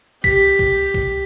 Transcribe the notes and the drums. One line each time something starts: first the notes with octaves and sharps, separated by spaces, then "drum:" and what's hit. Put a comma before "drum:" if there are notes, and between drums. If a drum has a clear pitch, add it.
G4 B6, drum: kick B1
drum: kick B1
drum: kick B1